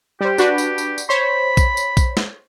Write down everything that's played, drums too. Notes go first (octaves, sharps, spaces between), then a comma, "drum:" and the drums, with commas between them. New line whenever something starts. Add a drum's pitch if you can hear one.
G3 G4 C5
D4 F#4 B4, drum: tambourine
drum: tambourine
drum: tambourine
drum: tambourine
C5 C#5 B5
drum: kick A#1, tambourine
drum: tambourine
drum: kick A#1, tambourine
drum: snare